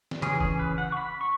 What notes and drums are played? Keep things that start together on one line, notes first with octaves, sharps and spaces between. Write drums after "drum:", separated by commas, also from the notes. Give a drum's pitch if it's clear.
drum: snare
C#3 E3 C#4 G#4, drum: hi-hat
G#4, drum: kick
B4
F#5
C#6
B5
C#6